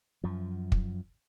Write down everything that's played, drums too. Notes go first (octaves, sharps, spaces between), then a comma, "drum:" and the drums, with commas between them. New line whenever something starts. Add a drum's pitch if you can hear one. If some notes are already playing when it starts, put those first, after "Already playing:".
F#2 F3
drum: kick